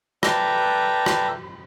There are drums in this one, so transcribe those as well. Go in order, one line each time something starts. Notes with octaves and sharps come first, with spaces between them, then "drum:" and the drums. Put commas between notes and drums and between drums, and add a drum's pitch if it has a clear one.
A4 B4 D5 E5 G5 A#5, drum: rim click
drum: rim click